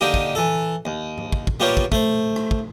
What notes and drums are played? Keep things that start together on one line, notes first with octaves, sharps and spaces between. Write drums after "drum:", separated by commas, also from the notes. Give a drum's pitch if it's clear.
D3 A#3 D#4 G4
drum: kick
E3 A4
D#2
drum: tom G#2
drum: kick
drum: kick
G3 A#3 B3 F4 G4 C#5
drum: kick
A3 C5, drum: kick
drum: rim click
drum: kick